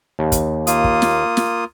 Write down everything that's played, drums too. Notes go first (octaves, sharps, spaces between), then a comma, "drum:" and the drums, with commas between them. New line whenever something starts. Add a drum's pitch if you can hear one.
D#2
drum: kick, hi-hat
A#3 F4 D#6, drum: hi-hat
drum: kick
drum: snare
drum: snare